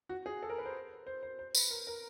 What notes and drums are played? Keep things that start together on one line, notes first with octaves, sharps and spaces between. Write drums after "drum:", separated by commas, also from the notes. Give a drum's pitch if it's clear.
F#4
G#4
A4
A#4
B4
C5
C5
C5
C5
B4, drum: tambourine
A#4
A#4